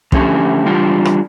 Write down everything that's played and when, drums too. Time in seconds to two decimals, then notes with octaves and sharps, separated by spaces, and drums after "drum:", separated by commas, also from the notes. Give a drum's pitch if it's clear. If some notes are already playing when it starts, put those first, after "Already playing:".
0.12 D3 F3 A3 C#4 G4, drum: kick
0.66 E3 G3 D4 F4
1.05 drum: rim click